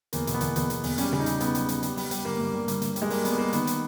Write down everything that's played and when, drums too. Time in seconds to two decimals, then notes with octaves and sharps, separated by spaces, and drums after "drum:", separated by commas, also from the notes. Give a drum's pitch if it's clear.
0.13 E2 A#3, drum: hi-hat
0.27 B2, drum: hi-hat
0.34 B3
0.41 E2, drum: hi-hat
0.56 E2, drum: hi-hat
0.70 E2, drum: hi-hat
0.83 E2, drum: open hi-hat
0.98 G3 C#4, drum: hi-hat
1.13 C#3, drum: tom
1.20 D#4
1.26 G3, drum: hi-hat
1.41 G3 B3, drum: hi-hat
1.55 G3, drum: hi-hat
1.69 G3, drum: hi-hat
1.83 G3, drum: hi-hat
1.97 G3, drum: open hi-hat
2.11 G3, drum: hi-hat
2.25 G2 A#3
2.40 G2
2.54 G3
2.68 G2, drum: hi-hat
2.82 G2, drum: hi-hat
2.96 G3, drum: hi-hat
3.02 G#3
3.10 G3 A#3, drum: open hi-hat
3.25 G3 B3, drum: hi-hat
3.38 G3 A#3
3.53 D#3 B3, drum: hi-hat
3.67 drum: hi-hat